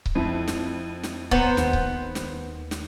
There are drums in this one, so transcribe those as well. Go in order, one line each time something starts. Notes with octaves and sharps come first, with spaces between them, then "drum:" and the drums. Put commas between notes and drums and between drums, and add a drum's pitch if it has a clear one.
drum: kick C#1
F2 E4 D#7
drum: snare
drum: snare
B3 C5 A#5 C#7, drum: kick C#1
D#2, drum: snare
drum: kick C#1
drum: snare
drum: snare